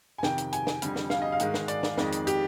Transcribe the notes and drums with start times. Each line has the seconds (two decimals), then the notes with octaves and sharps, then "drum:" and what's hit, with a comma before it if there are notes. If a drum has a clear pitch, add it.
0.18 G#5
0.23 F2 C3 D#3 G5, drum: snare
0.38 drum: hi-hat
0.53 G#5, drum: hi-hat
0.67 drum: snare
0.82 F2 D3 G3, drum: hi-hat
0.96 drum: snare
1.10 F5, drum: snare
1.22 D#5
1.32 F5
1.40 G#2 D#3 G#3, drum: hi-hat
1.54 drum: snare
1.68 D5, drum: hi-hat
1.83 drum: snare
1.98 F2 D#3 G#3, drum: snare
2.12 drum: hi-hat
2.27 G4, drum: hi-hat